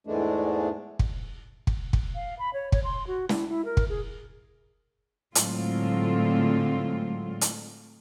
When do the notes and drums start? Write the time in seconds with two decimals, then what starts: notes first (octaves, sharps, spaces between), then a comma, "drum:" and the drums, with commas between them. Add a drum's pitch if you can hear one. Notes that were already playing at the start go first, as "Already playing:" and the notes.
0.07 E2 G#2 E3 G#3 A3 D4
0.99 drum: kick
1.67 drum: kick
1.93 drum: kick
2.15 F5
2.39 B5
2.54 C#5
2.72 C#5, drum: kick
2.84 C6
3.07 F#4
3.29 E4, drum: snare
3.49 E4
3.65 A#4
3.77 drum: kick
3.89 G#4
5.35 A2 D3 F#3 G#3 C4 F4, drum: hi-hat
7.41 drum: hi-hat